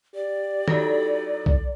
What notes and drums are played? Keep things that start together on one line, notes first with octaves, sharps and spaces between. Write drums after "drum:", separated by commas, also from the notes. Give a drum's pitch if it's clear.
G4 D5
F#3 D#4 E4 A4 A#5, drum: tom
drum: kick B1